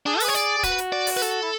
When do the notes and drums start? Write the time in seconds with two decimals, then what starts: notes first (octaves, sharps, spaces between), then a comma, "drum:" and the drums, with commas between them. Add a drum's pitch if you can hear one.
0.06 D4 G#4
0.15 A4
0.20 B4, drum: open hi-hat
0.25 G#4 C#5
0.35 D5, drum: hi-hat
0.58 G#4
0.63 F#4 B4, drum: kick, hi-hat
0.78 drum: hi-hat
0.92 D5
1.07 drum: open hi-hat
1.17 B4
1.22 A4, drum: hi-hat
1.43 E4